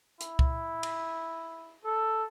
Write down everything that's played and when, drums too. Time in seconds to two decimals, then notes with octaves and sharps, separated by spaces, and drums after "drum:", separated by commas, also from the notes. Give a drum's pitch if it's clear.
0.21 E4, drum: hi-hat
0.39 drum: kick C2
0.83 drum: cymbal
1.85 A4